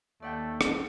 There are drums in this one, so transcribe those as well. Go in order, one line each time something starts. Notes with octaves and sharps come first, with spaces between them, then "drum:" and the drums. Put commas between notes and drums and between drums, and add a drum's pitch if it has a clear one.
D#2 A3 D5 F#5 G5
drum: rim click